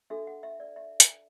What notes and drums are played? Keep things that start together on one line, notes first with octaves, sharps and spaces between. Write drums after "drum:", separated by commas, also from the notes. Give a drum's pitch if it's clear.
D4 F#4 A4 E5
F#5
E5
D5
E5
drum: hi-hat